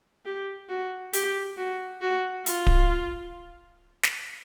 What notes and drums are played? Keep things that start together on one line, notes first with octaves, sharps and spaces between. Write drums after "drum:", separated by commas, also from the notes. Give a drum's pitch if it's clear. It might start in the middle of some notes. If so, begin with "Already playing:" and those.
G4
F#4
G4, drum: hi-hat
F#4
F#4
F4, drum: hi-hat
drum: kick D1
drum: snare